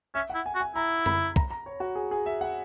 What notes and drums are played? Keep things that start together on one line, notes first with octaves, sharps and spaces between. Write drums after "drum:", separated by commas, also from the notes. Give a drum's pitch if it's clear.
C#4 E5
F#5
E4
G#5
F#4
G#5
E4 A#5
B5, drum: tom F#2
A#5, drum: kick
A#5
C#5
F#4
G#4
G#4
E5
F#5